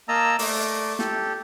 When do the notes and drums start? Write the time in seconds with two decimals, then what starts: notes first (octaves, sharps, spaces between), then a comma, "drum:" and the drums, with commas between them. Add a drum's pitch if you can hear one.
0.08 A#3 D#5 A5 A#5 E6
0.39 A3 D5, drum: open hi-hat
0.99 G4 A4, drum: snare